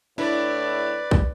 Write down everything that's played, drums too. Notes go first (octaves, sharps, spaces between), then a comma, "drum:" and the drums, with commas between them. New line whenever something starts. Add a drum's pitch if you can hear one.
A2 D4 E4 B4 D5
drum: kick